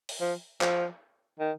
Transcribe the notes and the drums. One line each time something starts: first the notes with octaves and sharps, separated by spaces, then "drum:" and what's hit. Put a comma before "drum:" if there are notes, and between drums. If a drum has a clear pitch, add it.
drum: open hi-hat
F3
F3, drum: clap
D#3